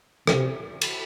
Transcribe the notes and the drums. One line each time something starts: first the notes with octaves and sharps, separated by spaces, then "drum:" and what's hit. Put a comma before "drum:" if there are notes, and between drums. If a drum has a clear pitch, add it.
C3, drum: rim click
drum: cymbal